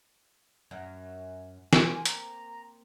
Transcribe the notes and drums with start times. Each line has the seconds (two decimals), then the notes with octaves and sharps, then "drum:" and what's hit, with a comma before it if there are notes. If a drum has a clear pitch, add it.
0.71 F#2
1.73 A#3 C4 G#5, drum: snare
2.06 A#5, drum: hi-hat